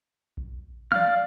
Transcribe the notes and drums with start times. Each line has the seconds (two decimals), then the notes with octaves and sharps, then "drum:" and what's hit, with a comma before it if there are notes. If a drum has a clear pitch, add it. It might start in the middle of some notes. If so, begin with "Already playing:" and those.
0.37 drum: kick A#1
0.92 D5 F5 F6, drum: tom